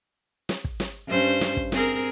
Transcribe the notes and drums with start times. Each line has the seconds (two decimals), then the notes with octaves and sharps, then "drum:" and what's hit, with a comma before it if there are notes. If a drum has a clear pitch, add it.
0.49 drum: snare
0.64 drum: kick
0.80 drum: snare
1.07 G2 C#4 C5
1.41 drum: snare
1.57 drum: kick
1.72 C4 G#4 A#4, drum: snare